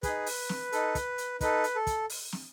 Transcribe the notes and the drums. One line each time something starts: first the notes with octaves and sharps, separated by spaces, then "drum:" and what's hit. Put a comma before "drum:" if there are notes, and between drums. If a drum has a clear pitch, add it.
D#4 G#4 B4, drum: kick, hi-hat
drum: open hi-hat
drum: snare
D#4 A4, drum: hi-hat
drum: kick, hi-hat
drum: hi-hat
D#4 A4 B4, drum: kick, hi-hat
drum: hi-hat
A4
drum: kick, hi-hat
drum: open hi-hat
drum: snare